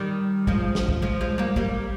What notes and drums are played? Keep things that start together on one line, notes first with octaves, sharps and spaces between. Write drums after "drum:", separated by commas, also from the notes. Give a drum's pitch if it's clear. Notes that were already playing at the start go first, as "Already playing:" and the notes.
Already playing: D#3 G3
F3 G#3, drum: kick
drum: snare
drum: kick
F3 G#3
F3 G#3
G3 A#3
G3 A#3, drum: kick